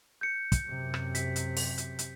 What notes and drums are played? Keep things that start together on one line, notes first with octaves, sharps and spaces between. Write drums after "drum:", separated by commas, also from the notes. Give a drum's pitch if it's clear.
G6 C#7
drum: kick, hi-hat
F#2 C3
drum: rim click
B6, drum: hi-hat
drum: hi-hat
drum: open hi-hat
drum: hi-hat
drum: hi-hat